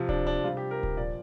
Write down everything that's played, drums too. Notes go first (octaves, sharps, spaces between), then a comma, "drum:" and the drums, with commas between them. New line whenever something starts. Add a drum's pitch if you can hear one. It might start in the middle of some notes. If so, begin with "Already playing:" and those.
Already playing: C3 F3
D4, drum: kick D1
D4
C3 G3 F4
G4
A#4
drum: kick D1
A#2 F3 D5